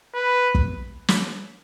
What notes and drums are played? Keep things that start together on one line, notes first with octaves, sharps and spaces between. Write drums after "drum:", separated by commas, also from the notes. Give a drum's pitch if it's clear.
B4
drum: kick
drum: snare